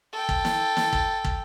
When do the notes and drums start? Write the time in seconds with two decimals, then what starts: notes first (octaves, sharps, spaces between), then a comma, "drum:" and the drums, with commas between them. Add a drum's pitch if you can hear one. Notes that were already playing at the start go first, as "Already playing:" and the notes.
0.13 A4 G5
0.29 drum: kick
0.45 drum: snare
0.77 drum: snare
0.93 drum: kick
1.24 drum: kick